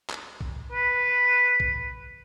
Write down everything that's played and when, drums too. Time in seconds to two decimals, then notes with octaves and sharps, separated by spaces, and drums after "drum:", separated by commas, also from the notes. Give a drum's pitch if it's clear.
0.10 drum: clap
0.41 drum: kick A#1
0.72 B4
1.60 drum: kick A#1